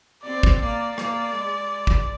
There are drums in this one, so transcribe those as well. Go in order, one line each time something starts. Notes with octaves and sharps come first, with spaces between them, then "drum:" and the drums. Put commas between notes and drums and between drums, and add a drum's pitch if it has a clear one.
C4 D5
drum: kick
A#3 D5
A#3 D5, drum: rim click
G#3
drum: kick